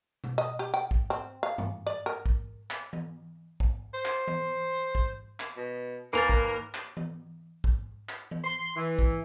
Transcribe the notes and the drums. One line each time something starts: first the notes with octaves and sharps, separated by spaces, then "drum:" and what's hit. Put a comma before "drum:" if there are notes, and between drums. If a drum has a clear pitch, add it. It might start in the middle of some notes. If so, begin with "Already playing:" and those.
drum: tom B2
D#5
G4
G5
drum: kick
C4
F5
drum: tom G2
D5
A#4
drum: kick
drum: clap
drum: tom E3
drum: kick
C5
drum: clap
drum: tom E3
drum: kick
drum: clap
B2
D#2 A#3 A#4 B4 G#5 A#5 A6
drum: kick
drum: clap
drum: tom E3
drum: kick
drum: clap
drum: tom E3
C6
E3
drum: kick